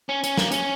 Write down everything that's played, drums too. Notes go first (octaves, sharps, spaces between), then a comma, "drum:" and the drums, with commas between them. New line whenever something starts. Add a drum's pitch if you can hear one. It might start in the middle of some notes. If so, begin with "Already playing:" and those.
C#4
C#4, drum: hi-hat
A#3, drum: snare
C#4, drum: hi-hat